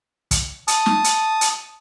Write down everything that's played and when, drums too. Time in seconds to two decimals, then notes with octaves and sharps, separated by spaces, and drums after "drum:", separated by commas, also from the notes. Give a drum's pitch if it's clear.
0.31 drum: kick, hi-hat
0.68 A5 D#6, drum: hi-hat
0.86 drum: snare
1.04 drum: hi-hat
1.41 drum: hi-hat